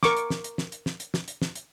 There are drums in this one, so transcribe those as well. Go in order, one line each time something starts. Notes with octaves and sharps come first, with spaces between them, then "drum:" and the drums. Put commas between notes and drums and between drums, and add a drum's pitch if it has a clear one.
A#4 C#6 D6, drum: snare
drum: hi-hat
drum: snare
drum: hi-hat
drum: snare
drum: hi-hat
drum: snare
drum: hi-hat
drum: snare
drum: hi-hat
drum: snare
drum: hi-hat